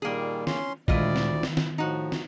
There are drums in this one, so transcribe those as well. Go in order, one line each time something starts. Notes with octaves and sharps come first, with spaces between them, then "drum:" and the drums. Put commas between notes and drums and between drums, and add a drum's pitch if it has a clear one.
A#2 D#3 G3 A#3 G#4
C#4 C6, drum: snare
D2 A#2 D#3 G#3 E4 F4 D5 D#5, drum: kick
drum: snare
D#3
drum: snare
drum: snare
A2 F3 D#4 F#4
drum: snare